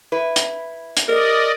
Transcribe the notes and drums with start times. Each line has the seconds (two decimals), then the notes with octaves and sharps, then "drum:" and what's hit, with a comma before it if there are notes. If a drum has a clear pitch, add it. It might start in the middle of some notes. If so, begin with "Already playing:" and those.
0.12 E4 B4
0.36 drum: hi-hat
0.97 drum: hi-hat
1.08 A#4 D5 D#5